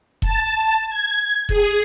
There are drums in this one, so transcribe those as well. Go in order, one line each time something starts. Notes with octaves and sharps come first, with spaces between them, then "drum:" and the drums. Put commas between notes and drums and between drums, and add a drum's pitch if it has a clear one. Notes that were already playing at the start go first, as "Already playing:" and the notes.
A5, drum: kick E1
G#6
G#4, drum: kick E1